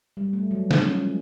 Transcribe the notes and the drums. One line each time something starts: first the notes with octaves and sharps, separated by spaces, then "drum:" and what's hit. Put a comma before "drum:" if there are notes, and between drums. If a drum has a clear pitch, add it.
G3
A3
F#3
F3, drum: snare
C#4
G#3